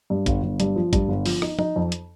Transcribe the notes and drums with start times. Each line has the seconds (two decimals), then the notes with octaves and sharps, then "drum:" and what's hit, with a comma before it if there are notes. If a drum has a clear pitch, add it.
0.10 G2
0.26 G1, drum: kick A1, hi-hat
0.43 G1
0.60 G2, drum: hi-hat
0.76 F3
0.93 G2, drum: kick A1, hi-hat
1.09 G1
1.26 F3, drum: open hi-hat
1.42 D#4, drum: rim click
1.59 D#4, drum: tom F3
1.76 F2
1.92 drum: hi-hat